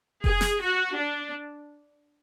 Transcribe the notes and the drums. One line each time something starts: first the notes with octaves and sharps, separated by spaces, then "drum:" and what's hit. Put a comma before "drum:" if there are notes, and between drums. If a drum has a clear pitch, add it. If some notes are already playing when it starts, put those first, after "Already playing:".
G#4, drum: kick F1
drum: snare
F#4
D4